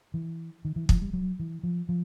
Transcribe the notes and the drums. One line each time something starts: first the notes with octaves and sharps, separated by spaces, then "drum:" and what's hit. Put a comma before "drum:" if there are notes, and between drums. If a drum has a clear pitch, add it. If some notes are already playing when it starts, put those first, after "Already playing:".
E3
D#3
E3
F3, drum: kick
G3
F#3
E3
F3
F3